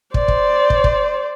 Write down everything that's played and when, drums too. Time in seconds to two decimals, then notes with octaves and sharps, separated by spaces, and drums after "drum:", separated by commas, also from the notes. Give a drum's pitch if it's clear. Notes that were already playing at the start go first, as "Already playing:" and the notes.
0.14 C5 D5, drum: kick
0.28 drum: kick
0.70 drum: kick
0.84 drum: kick